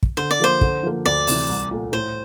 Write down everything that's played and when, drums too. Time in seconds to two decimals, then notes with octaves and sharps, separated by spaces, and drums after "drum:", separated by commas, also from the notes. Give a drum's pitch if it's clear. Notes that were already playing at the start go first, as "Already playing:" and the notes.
0.03 drum: kick
0.17 D3 C5
0.31 D5
0.40 F3 A#3 C5
0.61 D3, drum: kick
0.83 F3 A#3
1.05 D2 D5
1.27 C3 E3, drum: open hi-hat
1.49 C2
1.71 A#2 A3
1.92 A2 C5